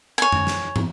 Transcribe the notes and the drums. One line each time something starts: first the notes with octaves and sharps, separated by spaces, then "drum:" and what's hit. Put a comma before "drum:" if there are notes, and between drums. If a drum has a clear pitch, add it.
C#5 G#5
drum: tom F#2
drum: snare
drum: tom